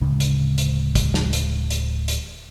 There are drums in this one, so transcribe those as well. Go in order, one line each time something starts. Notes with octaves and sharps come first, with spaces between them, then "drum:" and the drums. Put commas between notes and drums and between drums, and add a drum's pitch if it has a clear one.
D1 C#3 G#3 D4
drum: hi-hat
drum: hi-hat
drum: kick, hi-hat
drum: snare
drum: hi-hat
drum: hi-hat
drum: hi-hat